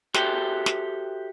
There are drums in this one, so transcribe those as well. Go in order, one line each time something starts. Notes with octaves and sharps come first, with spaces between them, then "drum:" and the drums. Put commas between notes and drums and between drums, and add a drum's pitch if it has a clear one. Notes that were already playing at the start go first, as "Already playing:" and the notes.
F#4 G4 A4 C5 E5 G5, drum: snare
drum: snare